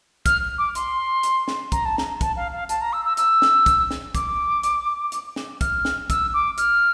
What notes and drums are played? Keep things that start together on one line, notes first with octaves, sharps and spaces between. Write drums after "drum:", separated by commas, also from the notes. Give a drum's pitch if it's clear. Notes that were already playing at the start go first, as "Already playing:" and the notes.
F6, drum: kick, hi-hat
D6
C6, drum: hi-hat
drum: hi-hat
drum: snare
A#5, drum: kick, hi-hat
A5
A#5, drum: snare
A5, drum: kick, hi-hat
F5
F5
A5, drum: hi-hat
A#5
E6
E6
E6, drum: hi-hat
drum: snare
drum: kick, hi-hat
drum: snare
D6, drum: kick, hi-hat
drum: hi-hat
drum: hi-hat
drum: snare
F6, drum: kick, hi-hat
drum: snare
E6, drum: kick, hi-hat
D6
F6, drum: hi-hat